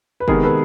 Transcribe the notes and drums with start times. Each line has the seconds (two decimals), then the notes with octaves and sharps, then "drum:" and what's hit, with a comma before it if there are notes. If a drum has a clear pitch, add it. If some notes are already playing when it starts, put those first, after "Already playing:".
0.20 B4
0.28 C3 D#3 G#3 B3 G#4 A#4, drum: kick F#1
0.43 A4 B4